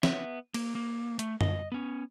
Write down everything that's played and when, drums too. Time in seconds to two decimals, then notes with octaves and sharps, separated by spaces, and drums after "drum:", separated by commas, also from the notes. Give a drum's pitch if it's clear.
0.03 B3 E5, drum: snare
0.54 A#3, drum: cymbal
0.75 A#3
1.19 A3, drum: hi-hat
1.41 D#5, drum: tom F#2
1.72 B3 C#4